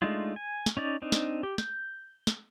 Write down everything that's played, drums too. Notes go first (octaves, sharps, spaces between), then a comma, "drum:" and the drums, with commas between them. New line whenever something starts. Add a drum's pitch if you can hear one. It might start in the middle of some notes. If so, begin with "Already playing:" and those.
G#3 A3 D4 D#4 F4
G#5
drum: snare
C#4 D#4 D5
C4 D4 D#4
drum: snare
G4
G6, drum: snare
drum: snare